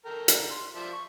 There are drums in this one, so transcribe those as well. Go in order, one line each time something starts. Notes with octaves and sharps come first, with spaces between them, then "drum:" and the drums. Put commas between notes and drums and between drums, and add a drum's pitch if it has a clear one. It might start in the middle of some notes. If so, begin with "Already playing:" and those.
A4 A#4 G5
drum: hi-hat
C6
F3 D5 E5
C#6